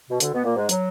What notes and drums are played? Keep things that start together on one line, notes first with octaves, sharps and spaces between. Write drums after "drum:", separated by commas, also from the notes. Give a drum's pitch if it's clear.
B2
D2 D3, drum: hi-hat
B2 B3
A#2 A#3
G#2 G#3
F#3, drum: hi-hat